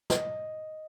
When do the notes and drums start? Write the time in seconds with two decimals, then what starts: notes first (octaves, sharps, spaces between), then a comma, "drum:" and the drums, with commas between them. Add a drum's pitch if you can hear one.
0.10 D#5, drum: snare